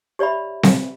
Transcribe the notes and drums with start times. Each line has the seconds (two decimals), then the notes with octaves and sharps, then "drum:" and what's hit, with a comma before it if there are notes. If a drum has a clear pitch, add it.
0.19 G4 C#5 D5 E5 B5
0.63 drum: snare C4